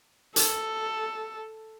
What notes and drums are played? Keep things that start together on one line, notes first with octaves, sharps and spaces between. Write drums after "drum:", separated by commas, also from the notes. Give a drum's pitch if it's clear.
A4, drum: hi-hat